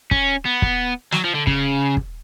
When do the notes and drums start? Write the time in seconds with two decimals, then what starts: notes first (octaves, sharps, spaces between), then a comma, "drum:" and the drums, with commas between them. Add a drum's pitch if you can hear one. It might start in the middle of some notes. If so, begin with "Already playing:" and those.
0.11 C#4, drum: kick
0.45 B3
0.62 drum: kick
1.12 F#3, drum: snare
1.24 F3
1.35 D3
1.47 C#3, drum: kick
1.97 drum: kick